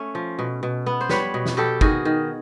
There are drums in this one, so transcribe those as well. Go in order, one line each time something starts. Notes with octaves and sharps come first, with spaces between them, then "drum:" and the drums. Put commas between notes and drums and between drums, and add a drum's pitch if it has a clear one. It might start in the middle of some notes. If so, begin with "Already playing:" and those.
Already playing: A3 C#4
F3
B2
B2
B3
C5
G3 B4 C#5, drum: snare
B2
drum: snare
B2 G4 A4
D#3 F#4 G#4, drum: kick G1
D#3